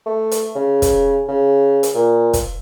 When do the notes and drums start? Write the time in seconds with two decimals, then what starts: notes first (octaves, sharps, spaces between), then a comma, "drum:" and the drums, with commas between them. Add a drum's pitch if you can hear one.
0.06 A3
0.31 drum: hi-hat
0.56 C#3
0.82 drum: kick, hi-hat
1.28 C#3
1.83 drum: hi-hat
1.95 A#2
2.33 drum: kick, hi-hat